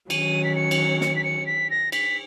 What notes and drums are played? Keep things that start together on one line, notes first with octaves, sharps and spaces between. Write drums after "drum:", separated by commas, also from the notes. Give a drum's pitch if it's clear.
D#3 F#3 C#4 D#7, drum: cymbal
B6
C#7
drum: cymbal
C#7, drum: snare
B6
C#7
B6
A#6
B6, drum: cymbal